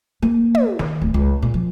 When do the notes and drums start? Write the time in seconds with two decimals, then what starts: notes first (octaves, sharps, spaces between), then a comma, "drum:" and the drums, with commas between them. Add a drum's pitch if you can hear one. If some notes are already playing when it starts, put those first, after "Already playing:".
0.22 A#3
0.55 drum: tom
0.79 D#3, drum: snare
1.01 D1
1.14 C#2
1.42 A#2
1.54 F3